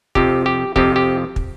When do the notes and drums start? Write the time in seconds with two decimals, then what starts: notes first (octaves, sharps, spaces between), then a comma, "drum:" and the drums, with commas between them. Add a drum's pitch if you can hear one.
0.15 F2 C3 F3 G4, drum: kick
0.46 G4
0.76 F2 C3 F3 G4, drum: kick
0.96 G4
1.36 drum: kick